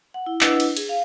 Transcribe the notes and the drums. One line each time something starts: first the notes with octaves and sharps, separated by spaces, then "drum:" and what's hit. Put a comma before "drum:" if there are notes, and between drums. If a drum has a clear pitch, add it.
F#5
E4
D4 E4 B4 D#5 F#5 E6, drum: clap
drum: cymbal
G#4, drum: cymbal
F5